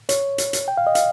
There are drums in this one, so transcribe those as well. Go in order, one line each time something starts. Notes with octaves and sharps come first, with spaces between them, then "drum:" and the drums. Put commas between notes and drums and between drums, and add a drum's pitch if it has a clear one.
C#5, drum: hi-hat
drum: hi-hat
drum: hi-hat
G5
F5
D#5
F5, drum: hi-hat